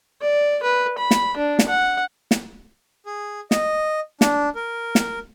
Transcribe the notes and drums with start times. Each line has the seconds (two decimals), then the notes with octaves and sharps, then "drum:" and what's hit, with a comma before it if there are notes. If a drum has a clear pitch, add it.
0.21 D5
0.63 B4
0.98 B5
1.11 drum: snare
1.37 D4
1.59 drum: snare
1.68 F#5
2.31 drum: snare
3.06 G#4
3.51 D#5, drum: snare
4.21 D4, drum: snare
4.55 A#4
4.95 drum: snare